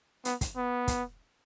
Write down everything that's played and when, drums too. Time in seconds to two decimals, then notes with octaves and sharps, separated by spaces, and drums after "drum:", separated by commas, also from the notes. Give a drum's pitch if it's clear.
0.25 B3, drum: hi-hat
0.41 drum: kick, hi-hat
0.56 B3
0.88 drum: kick, hi-hat